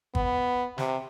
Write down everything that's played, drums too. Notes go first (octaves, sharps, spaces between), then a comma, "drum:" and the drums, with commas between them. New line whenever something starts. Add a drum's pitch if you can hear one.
B3, drum: kick
C3, drum: snare